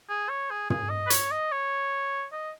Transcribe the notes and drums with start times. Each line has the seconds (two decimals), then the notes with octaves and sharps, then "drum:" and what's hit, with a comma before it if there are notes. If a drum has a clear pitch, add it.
0.09 G#4
0.29 C#5
0.50 G#4
0.70 G#4, drum: tom
0.90 D#5
1.07 B4
1.10 C#5, drum: hi-hat
1.31 D#5
1.52 C#5
2.32 D#5